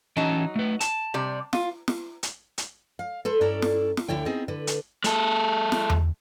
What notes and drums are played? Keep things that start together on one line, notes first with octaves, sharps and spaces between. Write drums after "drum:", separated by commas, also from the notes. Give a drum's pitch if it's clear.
E3 F#3 C#4 D#4 A5
A3 B4
A5, drum: hi-hat
C3 G3 D5
F4, drum: snare
drum: snare
drum: hi-hat
drum: hi-hat
F5
A4 B4 C5
G2 C#4 E4 A4 D5 A#5
drum: snare
drum: snare
D2 D3 E4 C#5 G5
B3 C4 D#4 G#4
D3 B4
drum: hi-hat
G#3 A4, drum: hi-hat
drum: snare
drum: tom E2